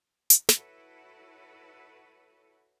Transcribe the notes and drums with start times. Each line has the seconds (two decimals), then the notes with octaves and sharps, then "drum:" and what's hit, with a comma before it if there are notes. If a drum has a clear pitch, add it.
0.30 drum: hi-hat
0.49 E4 F#4 A4 B4 C#5, drum: snare